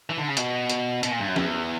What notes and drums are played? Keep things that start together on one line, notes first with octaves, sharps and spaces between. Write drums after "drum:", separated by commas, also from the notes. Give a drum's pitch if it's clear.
E3
D3
C#3
B2, drum: hi-hat
drum: hi-hat
B2, drum: hi-hat
A#2
G2
F#2
E2, drum: snare